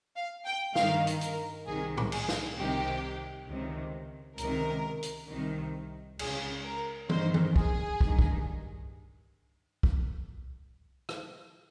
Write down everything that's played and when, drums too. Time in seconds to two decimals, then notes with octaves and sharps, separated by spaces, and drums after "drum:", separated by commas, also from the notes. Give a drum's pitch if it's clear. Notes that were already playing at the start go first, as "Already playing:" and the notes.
0.16 F5
0.46 G5
0.75 G2 D#3 F5, drum: snare
1.07 drum: hi-hat
1.21 A#4, drum: hi-hat
1.66 C2 C3 D#3 G#4
1.97 drum: tom A2
2.12 G#4, drum: cymbal
2.28 drum: snare
2.57 C2 C3 D#3 G4
3.47 C#2 C3 D#3
4.38 C#2 C3 D#3 A#4, drum: hi-hat
5.03 drum: hi-hat
5.30 C2 C3 D#3
6.19 C#2 C#3 G#4, drum: cymbal
6.64 A#4
7.09 G2 D#3 C5, drum: tom E3
7.34 drum: tom E3
7.56 G#4, drum: kick
8.01 G2 D#3, drum: kick
8.19 drum: kick
9.83 drum: kick
11.09 drum: rim click